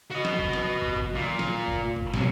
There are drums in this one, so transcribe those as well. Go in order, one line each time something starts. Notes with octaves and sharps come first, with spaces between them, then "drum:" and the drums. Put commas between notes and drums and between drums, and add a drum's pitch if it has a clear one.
F#4 D#5
drum: snare
drum: kick
drum: snare
drum: kick
drum: kick
A#2
drum: tom D#3
drum: snare
drum: kick
drum: kick
B1 C3, drum: snare